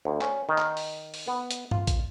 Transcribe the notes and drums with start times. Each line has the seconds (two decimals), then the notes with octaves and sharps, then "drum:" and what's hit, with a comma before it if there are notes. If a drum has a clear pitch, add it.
0.05 D2
0.21 C#4, drum: clap
0.49 D#3
0.58 drum: clap
0.77 drum: open hi-hat
1.14 drum: open hi-hat
1.27 B3
1.51 drum: hi-hat
1.71 F4, drum: tom G2
1.87 drum: kick A#1, hi-hat